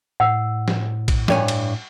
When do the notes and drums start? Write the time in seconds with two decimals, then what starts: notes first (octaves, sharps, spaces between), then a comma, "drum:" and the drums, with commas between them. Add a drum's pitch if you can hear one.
0.20 A2 F#5 E6
0.68 drum: snare
1.08 drum: kick A#1, cymbal
1.28 G2 C#5 G#5, drum: snare
1.48 drum: cymbal